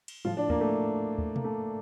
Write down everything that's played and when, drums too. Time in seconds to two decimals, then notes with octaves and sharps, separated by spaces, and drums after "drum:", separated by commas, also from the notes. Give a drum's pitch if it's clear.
0.08 drum: cymbal
0.25 A2 F3 F4, drum: tom F#3
0.37 D4
0.50 A#3, drum: kick
0.61 A3
1.18 drum: kick
1.36 A#3, drum: tom B2
1.44 A3